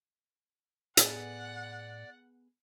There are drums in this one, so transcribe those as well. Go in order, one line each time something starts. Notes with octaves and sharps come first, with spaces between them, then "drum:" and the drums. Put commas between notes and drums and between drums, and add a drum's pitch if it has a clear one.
A2 B3 G#4 D5 F#5, drum: hi-hat